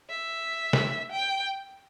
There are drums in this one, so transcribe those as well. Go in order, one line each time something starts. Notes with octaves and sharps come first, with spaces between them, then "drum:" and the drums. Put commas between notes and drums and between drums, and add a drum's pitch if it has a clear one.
E5
drum: snare
G5